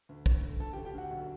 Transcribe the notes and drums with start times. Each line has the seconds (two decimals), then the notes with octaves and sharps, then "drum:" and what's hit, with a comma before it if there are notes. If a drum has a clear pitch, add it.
0.09 D2
0.26 D2, drum: kick
0.43 D3
0.60 D2 A4 A5
0.73 D2 G4 G5
0.85 G4 G5
0.94 D2 F#4 F#5
1.11 B1